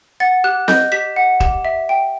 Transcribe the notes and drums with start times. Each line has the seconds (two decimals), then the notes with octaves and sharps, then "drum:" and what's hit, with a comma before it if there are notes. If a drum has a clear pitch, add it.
0.20 F#5 A6
0.44 G4 F#6
0.68 D#5 G6, drum: snare C4
0.92 G4 B6
1.16 F#5
1.40 G4, drum: kick D1
1.65 E5
1.89 G5